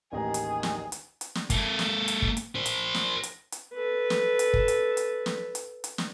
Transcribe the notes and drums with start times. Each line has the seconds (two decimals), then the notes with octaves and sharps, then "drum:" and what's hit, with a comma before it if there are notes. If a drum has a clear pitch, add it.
0.13 A1 D#2 D#3 G#4 A#5
0.34 drum: hi-hat
0.63 drum: snare
0.92 drum: hi-hat
1.21 drum: hi-hat
1.35 drum: snare
1.50 A#3 A4, drum: kick, hi-hat
1.79 drum: snare
2.08 drum: hi-hat
2.22 drum: kick
2.37 drum: hi-hat
2.56 A#4 C5
2.66 drum: hi-hat
2.94 drum: snare
3.23 drum: hi-hat
3.52 drum: hi-hat
3.74 A4 B4
4.10 drum: snare
4.39 drum: hi-hat
4.54 drum: kick
4.68 drum: hi-hat
4.97 drum: hi-hat
5.26 drum: snare
5.55 drum: hi-hat
5.84 drum: hi-hat
5.98 drum: snare